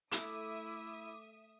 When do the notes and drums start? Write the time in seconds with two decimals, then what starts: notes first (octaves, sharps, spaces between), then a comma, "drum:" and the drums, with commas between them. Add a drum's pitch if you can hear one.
0.12 A3 E4 E5 D6 D#6, drum: hi-hat